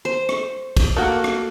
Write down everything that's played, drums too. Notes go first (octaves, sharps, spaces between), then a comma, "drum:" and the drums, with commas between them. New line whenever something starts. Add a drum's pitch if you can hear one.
C5
drum: rim click
drum: kick, cymbal
A3 A#3 F#4
drum: rim click